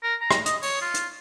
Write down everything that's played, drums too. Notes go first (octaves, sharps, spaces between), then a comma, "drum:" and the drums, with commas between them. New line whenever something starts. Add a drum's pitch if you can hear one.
A#4
A#5
drum: rim click
D#5, drum: hi-hat
C#5, drum: open hi-hat
F4
drum: hi-hat